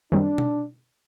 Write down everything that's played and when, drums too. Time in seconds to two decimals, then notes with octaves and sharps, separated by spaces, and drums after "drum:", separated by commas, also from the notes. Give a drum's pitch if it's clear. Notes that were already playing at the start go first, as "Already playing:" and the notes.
0.12 F#2 D#3 G3 C4 D4
0.38 drum: tom B2